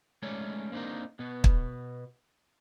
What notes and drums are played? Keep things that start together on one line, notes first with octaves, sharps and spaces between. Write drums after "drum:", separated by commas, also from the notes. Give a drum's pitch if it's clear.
G#3 A3 C#4 D#4 C#5 D5
A#3 C4 D4 D#4 A#4
B2 B3
drum: kick